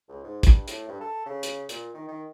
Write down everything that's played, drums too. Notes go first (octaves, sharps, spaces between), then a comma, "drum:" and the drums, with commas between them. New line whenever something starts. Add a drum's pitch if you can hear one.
C#2
G#2
G2, drum: kick, hi-hat
A2, drum: hi-hat
G2
A4
C#3
drum: hi-hat
A#2, drum: hi-hat
D#3
D#3